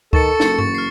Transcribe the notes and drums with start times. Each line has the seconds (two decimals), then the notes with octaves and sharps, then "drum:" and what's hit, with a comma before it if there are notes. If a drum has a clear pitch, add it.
0.13 D#3 A4 C#6 A6 C#7, drum: kick D2
0.40 F#1 A6 C#7, drum: snare
0.58 C#6 A6, drum: tom G2
0.75 F6 C7